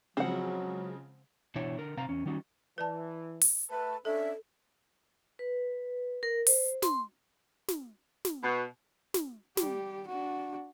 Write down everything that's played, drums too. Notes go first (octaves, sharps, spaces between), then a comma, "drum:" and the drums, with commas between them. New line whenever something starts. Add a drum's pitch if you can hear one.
C#3 F3 F#3 G#3 C4 F#5
B2 E3 D4 E4 C#5
D3 A#4
C3 C4 F5 A#5
E2 C#4
D#3 G3 C#4 D#4 F#4
E3 B4 D5 A5
drum: open hi-hat
A3 B4 A5
C#4 D4 A4 E5
B4
A#4
C5, drum: open hi-hat
C6, drum: snare
drum: snare
drum: snare
B2
drum: snare
G3 G4, drum: snare
D4 F#4